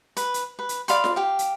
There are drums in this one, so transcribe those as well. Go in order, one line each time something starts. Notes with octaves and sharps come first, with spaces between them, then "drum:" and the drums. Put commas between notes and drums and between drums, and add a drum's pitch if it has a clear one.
B4, drum: hi-hat
drum: hi-hat
B4
drum: hi-hat
D5 F5 B5 C6, drum: hi-hat
drum: snare F4
G4 F5
drum: hi-hat